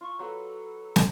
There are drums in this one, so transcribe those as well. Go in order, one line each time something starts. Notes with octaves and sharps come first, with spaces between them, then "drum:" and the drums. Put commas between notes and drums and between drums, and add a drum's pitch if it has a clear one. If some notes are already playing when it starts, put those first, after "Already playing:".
F4 C#6
F#3 F#4 A4 B4
drum: snare